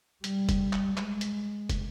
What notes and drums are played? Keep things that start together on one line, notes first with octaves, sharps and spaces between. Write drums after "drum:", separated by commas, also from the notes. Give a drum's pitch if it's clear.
G3, drum: hi-hat
drum: kick, hi-hat
drum: clap
G#3, drum: clap
drum: hi-hat
drum: kick, hi-hat